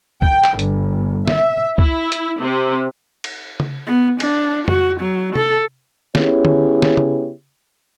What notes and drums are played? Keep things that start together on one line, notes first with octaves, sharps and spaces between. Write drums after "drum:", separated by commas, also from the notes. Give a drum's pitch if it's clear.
G5, drum: kick
drum: clap
G1, drum: hi-hat
E5, drum: snare
E4, drum: kick
drum: hi-hat
C3
drum: cymbal
drum: tom C#3
B3
D4, drum: cymbal
F#4, drum: tom F2
F#3
A4, drum: tom C3
B3 C#4 E4 G4 G#4 C#5, drum: snare
drum: tom D3
drum: snare
drum: tom C#3